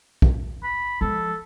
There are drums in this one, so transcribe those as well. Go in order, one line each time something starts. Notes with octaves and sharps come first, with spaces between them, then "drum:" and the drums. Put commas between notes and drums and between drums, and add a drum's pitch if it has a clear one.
drum: kick
B5
F3 G#3 A4